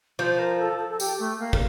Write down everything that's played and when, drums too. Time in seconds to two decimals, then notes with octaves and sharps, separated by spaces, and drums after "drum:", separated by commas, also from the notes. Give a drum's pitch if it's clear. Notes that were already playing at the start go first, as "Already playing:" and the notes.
0.19 F3 C5
0.35 C5
0.39 A#4
0.60 A4
0.79 A4
0.90 A4
1.00 G4, drum: tambourine
1.19 A3
1.39 A#3
1.53 drum: kick